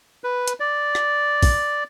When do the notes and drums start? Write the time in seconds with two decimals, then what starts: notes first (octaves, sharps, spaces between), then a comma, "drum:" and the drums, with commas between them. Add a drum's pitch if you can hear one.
0.24 B4
0.48 drum: hi-hat
0.60 D5
0.95 drum: rim click
1.43 drum: kick A#1, open hi-hat